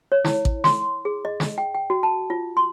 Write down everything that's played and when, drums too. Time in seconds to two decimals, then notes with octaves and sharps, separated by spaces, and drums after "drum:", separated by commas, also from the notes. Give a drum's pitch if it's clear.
0.12 C#5
0.25 E4, drum: snare
0.45 drum: kick A1
0.64 C6, drum: snare
1.05 G#4
1.25 D#5
1.40 drum: snare
1.58 G5
1.74 G5
1.90 F#4
2.03 A5
2.30 F4
2.57 C6